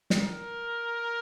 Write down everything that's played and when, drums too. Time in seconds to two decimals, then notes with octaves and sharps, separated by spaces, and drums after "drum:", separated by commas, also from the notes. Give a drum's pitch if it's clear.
0.10 drum: snare
0.21 A#4